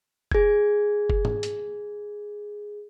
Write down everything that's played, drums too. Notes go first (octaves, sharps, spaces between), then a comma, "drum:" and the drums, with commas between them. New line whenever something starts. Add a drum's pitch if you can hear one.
G#4 G#6, drum: kick F#1
drum: kick F#1
drum: tom G#2
drum: hi-hat